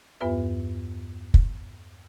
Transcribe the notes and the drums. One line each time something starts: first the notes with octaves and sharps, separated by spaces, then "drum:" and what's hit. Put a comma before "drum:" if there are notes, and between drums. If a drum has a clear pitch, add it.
E2 G2 B3 F4 B4 E5
drum: kick